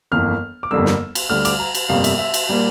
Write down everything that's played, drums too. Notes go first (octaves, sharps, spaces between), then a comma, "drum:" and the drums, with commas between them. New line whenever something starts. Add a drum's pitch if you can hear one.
G1 F2 E3 A#3 F6
D6
G1 F2 D3 G3 A#3 E6
drum: snare
drum: cymbal
D2 D3 G3 F6
D6, drum: cymbal
A#5
drum: cymbal
G1 F2 C3 G3 A#3 F5
E5, drum: cymbal
E5
drum: cymbal
A#2 G3 A#3